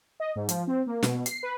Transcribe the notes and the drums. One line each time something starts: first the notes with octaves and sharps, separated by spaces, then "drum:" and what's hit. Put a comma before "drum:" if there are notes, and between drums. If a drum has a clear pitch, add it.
D#5
G#2
F3, drum: hi-hat
C4
A#3
B2, drum: snare
C7, drum: hi-hat
B4